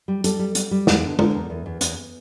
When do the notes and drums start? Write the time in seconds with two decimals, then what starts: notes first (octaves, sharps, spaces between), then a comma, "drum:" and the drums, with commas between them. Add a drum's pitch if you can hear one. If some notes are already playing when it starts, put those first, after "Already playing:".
0.08 G3
0.24 G3 A4, drum: hi-hat
0.39 G3
0.55 G3, drum: hi-hat
0.71 G3
0.87 E2, drum: snare
1.03 D3
1.19 D3 A#4, drum: tom G#3
1.34 E2
1.50 E2
1.66 E2
1.81 E2, drum: hi-hat